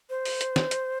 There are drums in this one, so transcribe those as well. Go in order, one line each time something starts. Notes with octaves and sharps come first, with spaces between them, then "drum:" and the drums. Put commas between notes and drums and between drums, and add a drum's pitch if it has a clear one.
C5
drum: open hi-hat
drum: hi-hat
drum: snare
drum: hi-hat